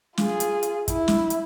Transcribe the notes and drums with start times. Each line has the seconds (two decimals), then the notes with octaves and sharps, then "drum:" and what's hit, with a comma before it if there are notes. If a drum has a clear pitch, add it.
0.18 F4 G#4, drum: snare
0.40 drum: hi-hat
0.63 drum: hi-hat
0.88 E4, drum: kick, hi-hat
1.08 drum: snare
1.30 drum: hi-hat